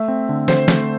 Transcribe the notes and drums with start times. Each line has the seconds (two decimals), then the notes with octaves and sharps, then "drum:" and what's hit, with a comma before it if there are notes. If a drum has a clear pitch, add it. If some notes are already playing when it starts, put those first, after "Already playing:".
Already playing: A3 E5
0.08 C4
0.29 D3
0.48 D3 C5, drum: snare
0.68 A3, drum: snare